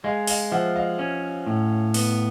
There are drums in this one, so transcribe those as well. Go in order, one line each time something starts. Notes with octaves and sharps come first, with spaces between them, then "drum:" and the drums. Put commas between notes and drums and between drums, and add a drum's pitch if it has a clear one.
G#3 D#5 F5
D#5 F5, drum: open hi-hat
F3 E5 F#5
D#5 F5
C#4
A2
B3, drum: open hi-hat